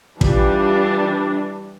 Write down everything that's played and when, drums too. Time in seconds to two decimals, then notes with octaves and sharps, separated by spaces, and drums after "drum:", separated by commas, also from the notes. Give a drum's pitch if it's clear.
0.21 E3 G3 D4 F4 G4, drum: kick